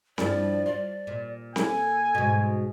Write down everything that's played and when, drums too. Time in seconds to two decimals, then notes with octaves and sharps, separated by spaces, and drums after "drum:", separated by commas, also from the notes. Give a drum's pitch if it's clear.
0.18 G2 F3 E4 D5, drum: snare C4
0.66 F4 D5
1.07 A#2
1.56 A4 G#5, drum: snare C4
2.15 G#2 B2